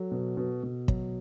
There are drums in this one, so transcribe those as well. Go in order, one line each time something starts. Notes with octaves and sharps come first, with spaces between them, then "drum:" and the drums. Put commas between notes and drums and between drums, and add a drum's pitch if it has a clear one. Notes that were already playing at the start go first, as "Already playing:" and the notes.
Already playing: F#3 A4
B2
B2
B2
F#3, drum: kick